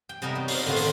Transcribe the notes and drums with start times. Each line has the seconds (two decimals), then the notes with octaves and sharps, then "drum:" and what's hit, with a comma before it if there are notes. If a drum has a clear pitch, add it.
0.09 G5
0.22 C3 G3 B3 D#4 A#4 E5
0.35 F#3
0.48 F5, drum: open hi-hat
0.66 A2 D3 D#3 C4 F4
0.76 drum: open hi-hat